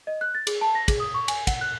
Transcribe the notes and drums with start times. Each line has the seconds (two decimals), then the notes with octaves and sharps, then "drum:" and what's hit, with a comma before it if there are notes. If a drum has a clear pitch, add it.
0.07 D#5
0.21 F#6
0.35 A6
0.47 G#4, drum: cymbal
0.61 A5
0.75 A#6
0.88 G#4, drum: kick, cymbal
1.00 D#6
1.14 C#6
1.28 G#5, drum: cymbal
1.47 F#5, drum: kick, cymbal
1.61 F#6